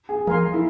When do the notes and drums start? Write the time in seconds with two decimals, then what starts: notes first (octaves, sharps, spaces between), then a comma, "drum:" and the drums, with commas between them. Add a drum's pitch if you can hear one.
0.09 G#4
0.27 A#4 F5 G#5 C6, drum: tom E3
0.54 E4